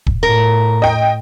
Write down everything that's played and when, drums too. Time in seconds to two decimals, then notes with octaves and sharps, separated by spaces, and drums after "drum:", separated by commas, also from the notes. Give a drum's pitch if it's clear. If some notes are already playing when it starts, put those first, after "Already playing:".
0.07 drum: kick
0.23 A2 A#4
0.82 D#5 G5